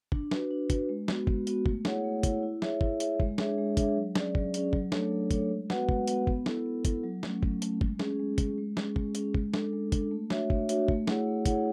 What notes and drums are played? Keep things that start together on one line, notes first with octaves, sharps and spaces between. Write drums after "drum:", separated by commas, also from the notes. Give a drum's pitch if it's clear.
D4, drum: kick
F#4 B4, drum: snare
D4
F#4 B4, drum: kick, hi-hat
G#3
B3 F#4, drum: snare
G#3, drum: kick
B3 F#4, drum: hi-hat
A3, drum: kick
E4 G#4 C#5 F#5, drum: snare
A3
E4 G#4 C#5 F#5, drum: kick, hi-hat
E4
G#4 C#5 E5, drum: snare
E4, drum: kick
G#4 C#5 E5, drum: hi-hat
G#3, drum: kick
D4 G#4 C#5 E5, drum: snare
G#3
D4 G#4 C#5 E5, drum: kick, hi-hat
F#3
C#4 G#4 D5, drum: snare
F#3, drum: kick
C#4 G#4 D5, drum: hi-hat
F#3, drum: kick
A3 D4 A4 C#5, drum: snare
F#3
A3 D4 A4 C#5, drum: kick, hi-hat
G#3
B3 F#4 B4 F#5, drum: snare
G#3, drum: kick
B3 F#4 B4 F#5, drum: hi-hat
B3, drum: kick
E4 A4, drum: snare
B3
E4 A4, drum: kick, hi-hat
F#3
A3 C#4, drum: snare
F#3, drum: kick
A3 C#4, drum: hi-hat
G#3, drum: kick
C#4 G#4, drum: snare
G#3
C#4 G#4, drum: kick, hi-hat
G#3
C#4 G#4, drum: snare
G#3, drum: kick
C#4 G#4, drum: hi-hat
G#3, drum: kick
D4 A4, drum: snare
G#3
D4 A4, drum: kick, hi-hat
A3
D4 F#4 C#5 E5, drum: snare
A3, drum: kick
D4 F#4 C#5 E5, drum: hi-hat
A3, drum: kick
E4 G#4 C#5 F#5, drum: snare
A3
E4 G#4 C#5 F#5, drum: kick, hi-hat